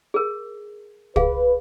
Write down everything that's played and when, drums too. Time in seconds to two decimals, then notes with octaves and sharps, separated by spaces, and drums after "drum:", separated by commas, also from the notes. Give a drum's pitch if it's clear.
0.14 G#4 A#4
1.16 G#4 B4 F5, drum: kick